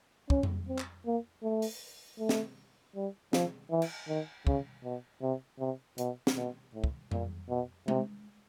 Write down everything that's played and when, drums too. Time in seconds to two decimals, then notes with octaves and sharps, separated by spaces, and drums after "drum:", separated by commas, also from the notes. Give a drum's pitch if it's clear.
0.30 C#4, drum: kick
0.43 drum: tom F2
0.68 C4
0.78 drum: clap
1.06 A#3
1.43 A3
1.62 drum: open hi-hat
2.19 A3
2.29 drum: snare
2.96 G3
3.33 F3, drum: snare
3.71 E3
3.82 drum: cymbal
4.08 D#3
4.47 C#3, drum: kick
4.84 B2
5.22 C3
5.60 C3
5.98 B2, drum: hi-hat
6.27 drum: snare
6.37 B2
6.74 A2
6.84 drum: kick
7.11 A#2, drum: tom F2
7.49 B2
7.88 C3, drum: tom G#3